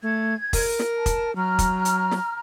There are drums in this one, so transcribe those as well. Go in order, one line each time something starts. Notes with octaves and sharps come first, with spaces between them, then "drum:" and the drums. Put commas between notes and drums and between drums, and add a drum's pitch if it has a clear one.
A3 G#6
A#4, drum: kick, open hi-hat
drum: snare
A5
drum: kick, hi-hat
F#3 A#5 F6
drum: kick, hi-hat
drum: hi-hat
drum: snare